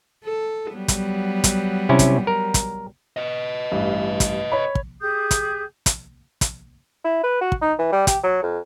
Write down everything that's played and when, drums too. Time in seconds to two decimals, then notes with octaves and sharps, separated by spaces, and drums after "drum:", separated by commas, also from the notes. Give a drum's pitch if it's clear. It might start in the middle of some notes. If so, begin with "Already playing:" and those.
0.25 A4
0.75 F#3 G3 B3
0.88 drum: kick, hi-hat
1.44 drum: kick, hi-hat
1.89 C3 C#4 E4
1.99 drum: kick, hi-hat
2.27 A#4
2.54 drum: kick, hi-hat
3.17 B4 D#5
3.72 A1 G2
4.20 drum: kick, hi-hat
4.52 C#5 B5
4.75 drum: kick
5.01 G4 G#4 D#6 G6
5.31 drum: kick, hi-hat
5.86 drum: kick, hi-hat
6.41 drum: kick, hi-hat
7.04 E4
7.23 B4
7.41 F#4
7.52 drum: kick
7.62 D#4
7.79 E3
7.92 G3
8.07 G4, drum: kick, hi-hat
8.23 F#3
8.43 F2